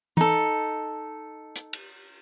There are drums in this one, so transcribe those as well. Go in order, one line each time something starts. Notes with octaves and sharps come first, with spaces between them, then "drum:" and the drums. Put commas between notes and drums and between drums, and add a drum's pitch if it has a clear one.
D#4 A4, drum: tom E3
drum: hi-hat
drum: cymbal